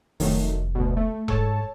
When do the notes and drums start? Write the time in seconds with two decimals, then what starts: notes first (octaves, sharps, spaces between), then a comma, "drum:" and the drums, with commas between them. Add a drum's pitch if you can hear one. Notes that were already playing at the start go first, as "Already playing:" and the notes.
0.20 F1 D#3 F#3 A3, drum: open hi-hat
0.75 D2 B2
0.97 A3
1.28 G#2 A4 C#5 A5, drum: kick E1